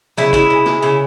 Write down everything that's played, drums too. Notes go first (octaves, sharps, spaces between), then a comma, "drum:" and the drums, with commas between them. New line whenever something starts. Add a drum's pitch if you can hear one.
C#3 E4, drum: tom
G#3 E4, drum: kick
C#3
G#3, drum: snare
C#3 E4